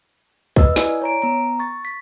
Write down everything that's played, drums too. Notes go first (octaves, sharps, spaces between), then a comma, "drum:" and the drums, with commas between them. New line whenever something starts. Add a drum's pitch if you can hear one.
B4 D#5 E5 E6, drum: kick
E4 D5 G#5, drum: snare
C#5 A#5 D7
B3 A#5
C#6 A6
B6